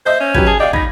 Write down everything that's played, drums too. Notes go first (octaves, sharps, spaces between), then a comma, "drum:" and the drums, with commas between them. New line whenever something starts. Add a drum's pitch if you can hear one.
C5 D#5 E5 G6
C#4
F#3 G4 B4 G#6, drum: kick
G#4 A5
D5 D#5 F5 G5
D#4 B5 G#6 A#6, drum: kick